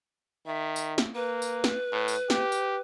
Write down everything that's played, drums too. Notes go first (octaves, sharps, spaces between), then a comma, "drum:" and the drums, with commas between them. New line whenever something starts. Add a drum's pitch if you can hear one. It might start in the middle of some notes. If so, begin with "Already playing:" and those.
D#3 E5
drum: tambourine
drum: snare
A#3 B4
drum: tambourine
drum: snare
A2
drum: tambourine
G4, drum: snare
drum: tambourine